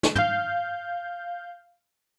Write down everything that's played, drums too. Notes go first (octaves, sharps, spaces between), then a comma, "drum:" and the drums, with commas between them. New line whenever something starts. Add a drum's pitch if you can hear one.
drum: snare
F5 G6, drum: tom